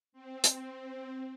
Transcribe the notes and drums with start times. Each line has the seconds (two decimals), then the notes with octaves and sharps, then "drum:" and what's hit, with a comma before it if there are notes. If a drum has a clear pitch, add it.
0.12 C4
0.44 drum: hi-hat